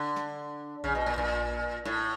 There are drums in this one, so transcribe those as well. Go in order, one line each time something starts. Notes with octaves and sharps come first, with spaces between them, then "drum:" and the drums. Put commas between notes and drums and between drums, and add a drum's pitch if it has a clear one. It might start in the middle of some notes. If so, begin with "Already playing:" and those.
Already playing: D3
drum: snare
C#3, drum: kick A#1
B2
A#2
A#2, drum: kick A#1
A2, drum: snare